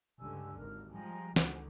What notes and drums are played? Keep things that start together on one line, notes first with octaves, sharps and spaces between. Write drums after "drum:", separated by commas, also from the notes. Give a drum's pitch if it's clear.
C#2 G2 D3 G4 G#5 E6
G#1 D#2 A#4 F6
F3 G3 G#3 G5 G#5 A#5
C#2 D3 D#3 C5 F#5 G#5, drum: snare